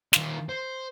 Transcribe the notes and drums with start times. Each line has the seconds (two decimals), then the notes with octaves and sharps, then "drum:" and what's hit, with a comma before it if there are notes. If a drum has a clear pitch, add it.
0.13 D#3 F4, drum: snare
0.49 C5